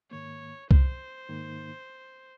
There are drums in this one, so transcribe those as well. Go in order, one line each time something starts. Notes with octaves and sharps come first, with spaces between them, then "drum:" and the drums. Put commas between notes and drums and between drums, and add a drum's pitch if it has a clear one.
G#2 D#3 A#3 C#5
C5, drum: kick C2
G#2 D#3 A#3 D#4